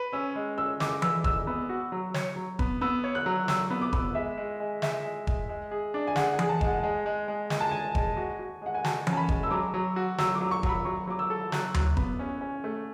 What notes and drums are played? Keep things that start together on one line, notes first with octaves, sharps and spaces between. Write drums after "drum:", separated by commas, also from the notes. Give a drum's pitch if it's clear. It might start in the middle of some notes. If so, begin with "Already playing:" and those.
Already playing: B4
C#4 E6
G#3
C#4 E6
G#3 D6, drum: snare
B4 E6, drum: tom E3
G#3 E6, drum: kick E1
B3
F#4
F#3
C#5, drum: snare
F#3
B3, drum: kick E1
B3 E6
C#5
F#6
F#3
F#3 E6, drum: snare
B3
D6
B3, drum: kick E1
G#3 E5
G#3
G#3
G#3 E5, drum: snare
G#3
G#3, drum: kick E1
G#3
G#4
D4
G#5
G#4 F#5, drum: snare
G#5
G#4, drum: tom E3
A5
G#3, drum: kick E1
F#5
G#3
G#3
G#3
G#3 G#5, drum: snare
A5
G#3 G#5
G#3, drum: kick E1
F#4
F#4
G#3 F#5
G#5
F#4 A5, drum: snare
C#4, drum: tom E3
A5
B5
G#3, drum: kick E1
E6
F#3 D6
F#3
F#4
F#3 E6, drum: snare
D6
F#3
C#6
F#3, drum: kick E1
B5
F#3 C#6
F#3 D6
E6
A4
F#3 F#6, drum: snare
F#3, drum: tom D2
B3, drum: kick E1
C#4
C#4
A3